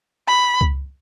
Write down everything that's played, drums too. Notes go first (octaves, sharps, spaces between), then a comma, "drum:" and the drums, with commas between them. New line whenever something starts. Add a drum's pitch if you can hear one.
B5
drum: kick C#2